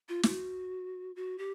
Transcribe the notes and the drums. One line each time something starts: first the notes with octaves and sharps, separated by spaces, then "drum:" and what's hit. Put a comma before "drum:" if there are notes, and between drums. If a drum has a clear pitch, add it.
F4
F#4, drum: snare
F#4
G4